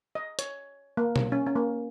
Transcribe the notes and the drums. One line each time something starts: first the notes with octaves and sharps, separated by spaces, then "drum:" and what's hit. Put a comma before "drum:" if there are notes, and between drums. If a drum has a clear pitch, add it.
D#5
C#5, drum: hi-hat
A#3
drum: tom B2
C#4
C#4
A#3